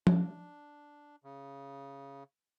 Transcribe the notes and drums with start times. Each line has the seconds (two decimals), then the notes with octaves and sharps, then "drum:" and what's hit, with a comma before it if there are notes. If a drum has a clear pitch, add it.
0.07 D4, drum: tom F3
1.24 C#3